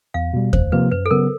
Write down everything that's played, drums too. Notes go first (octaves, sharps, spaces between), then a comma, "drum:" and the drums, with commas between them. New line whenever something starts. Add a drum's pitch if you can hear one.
E2 F5
B2 G3
D2 C5, drum: kick E2
C3 F3 A#3 B4
F#2 B4
A4
C#3 F#3 B3 A#4